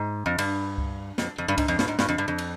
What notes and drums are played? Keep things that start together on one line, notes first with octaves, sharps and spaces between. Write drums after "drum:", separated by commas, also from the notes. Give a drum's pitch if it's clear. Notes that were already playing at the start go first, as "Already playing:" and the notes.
Already playing: G#2
F2
G2, drum: cymbal
drum: kick C#2
F2, drum: snare
F2
G2
G#2, drum: kick C#2, cymbal
F2
G2, drum: snare
G#2
G2, drum: snare
F2
G2
F2
drum: cymbal